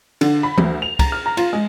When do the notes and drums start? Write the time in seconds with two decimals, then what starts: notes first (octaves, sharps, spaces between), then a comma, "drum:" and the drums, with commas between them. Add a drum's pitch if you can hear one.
0.21 D3, drum: cymbal
0.43 B5
0.58 D2, drum: tom E3
0.82 F7
0.99 A#5, drum: kick, cymbal
1.12 F6
1.26 A#5
1.37 F4, drum: cymbal
1.53 G#3